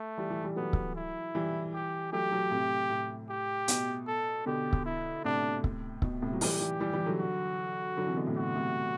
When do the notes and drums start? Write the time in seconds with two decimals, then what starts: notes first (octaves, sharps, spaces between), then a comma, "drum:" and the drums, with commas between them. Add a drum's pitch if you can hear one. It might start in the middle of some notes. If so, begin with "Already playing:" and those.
Already playing: A3
0.18 E3 G3
0.30 E3 G3
0.43 E3 G3
0.56 F#3 A3 B3
0.73 drum: kick C#1
0.96 E4
1.35 E3 G3
1.73 G4
2.13 F#3 A3 G4
2.32 F#3 A3
2.51 A2 C3
2.90 A2
3.30 G4
3.68 B2, drum: hi-hat
4.07 A4
4.46 B2 D3 G4
4.73 drum: kick C#1
4.85 E4
5.25 A2 C3 D4
5.64 drum: kick C#1
6.02 B2, drum: kick C#1
6.22 A2 C3
6.33 F#3
6.41 E3 G3 G4, drum: open hi-hat
6.61 E3 G3
6.80 E3 G3
6.93 E3 G3
7.06 D3 F#3
7.19 F#4
7.97 D3 F#3
8.07 C3 E3
8.17 B2 D3
8.27 A2 C3
8.36 B2 F#4
8.56 A2 C3